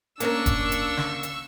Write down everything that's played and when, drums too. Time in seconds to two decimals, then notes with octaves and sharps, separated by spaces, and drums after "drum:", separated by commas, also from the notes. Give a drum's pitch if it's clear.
0.20 A#3 C#4 D4 A#4 C#6 E6, drum: hi-hat
0.46 drum: kick E1, hi-hat
0.72 drum: hi-hat
0.97 drum: snare
1.23 drum: hi-hat